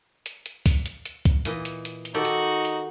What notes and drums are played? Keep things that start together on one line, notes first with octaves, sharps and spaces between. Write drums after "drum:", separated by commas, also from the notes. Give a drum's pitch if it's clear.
drum: hi-hat
drum: hi-hat
drum: kick, open hi-hat
drum: hi-hat
drum: hi-hat
drum: kick, hi-hat
A#2 E3 D#5, drum: hi-hat
drum: hi-hat
drum: hi-hat
drum: hi-hat
D#3 D#4 F#4 G4 A4
drum: hi-hat
drum: hi-hat